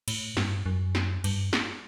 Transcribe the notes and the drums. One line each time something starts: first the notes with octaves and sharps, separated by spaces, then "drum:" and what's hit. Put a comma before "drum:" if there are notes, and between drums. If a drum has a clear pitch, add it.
A2, drum: cymbal
G2, drum: snare
F#2
drum: snare
G2, drum: cymbal
drum: snare